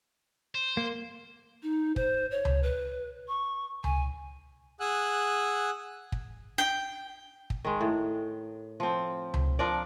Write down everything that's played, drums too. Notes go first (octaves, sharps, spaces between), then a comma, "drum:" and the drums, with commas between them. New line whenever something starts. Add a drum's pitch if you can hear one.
C5
A#3
D#4
C5, drum: kick
C#5
drum: tom C#2
B4
C#6
G#5, drum: tom C#2
G#4 F#5 G#5 E6 F#6
drum: kick
G5
drum: kick
D#3 G#3
A2
F3 C4
drum: tom C#2
F3 D4 A#4 D5